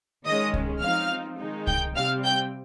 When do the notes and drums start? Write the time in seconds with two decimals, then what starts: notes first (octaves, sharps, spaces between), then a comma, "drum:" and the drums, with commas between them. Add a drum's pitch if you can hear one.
0.25 D#3 G#3 C#4 D#5 D#6
0.54 drum: kick C2
0.81 F3 C4 D#4 F5 F6
1.38 D#3 G#3 D#4
1.67 G5 G6, drum: kick C2
1.95 C3 G3 C4 F5 F6
2.24 G5 G6